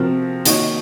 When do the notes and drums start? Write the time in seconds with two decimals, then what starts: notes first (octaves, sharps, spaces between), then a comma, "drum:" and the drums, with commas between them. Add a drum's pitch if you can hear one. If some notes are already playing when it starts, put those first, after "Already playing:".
Already playing: C3 F3 C4 F#4 A#4
0.46 D#3 A#3 D#4 F#4 C#5, drum: hi-hat